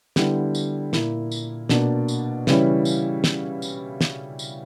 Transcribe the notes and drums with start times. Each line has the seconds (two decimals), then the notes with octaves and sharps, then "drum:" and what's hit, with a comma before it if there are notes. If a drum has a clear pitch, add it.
0.16 D3 G3 B3 E4, drum: snare
0.55 drum: tambourine
0.93 A#2 A#3 E4, drum: snare
1.32 drum: tambourine
1.69 B2 A#3 D4, drum: snare
2.08 drum: tambourine
2.47 C#3 E3 G3 C#4 E4, drum: snare
2.85 drum: tambourine
3.24 drum: snare
3.62 drum: tambourine
4.01 drum: snare
4.39 drum: tambourine